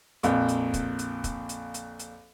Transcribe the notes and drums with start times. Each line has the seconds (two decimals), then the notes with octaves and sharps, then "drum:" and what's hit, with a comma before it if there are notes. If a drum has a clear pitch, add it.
0.23 A#1 F2, drum: hi-hat
0.48 drum: hi-hat
0.74 drum: kick, hi-hat
0.99 drum: hi-hat
1.24 drum: kick, hi-hat
1.49 drum: hi-hat
1.74 drum: hi-hat
1.99 drum: hi-hat